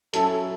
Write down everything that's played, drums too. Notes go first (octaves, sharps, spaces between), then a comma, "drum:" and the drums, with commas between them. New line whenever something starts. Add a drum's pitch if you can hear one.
F#3 C#4 E4 A4, drum: hi-hat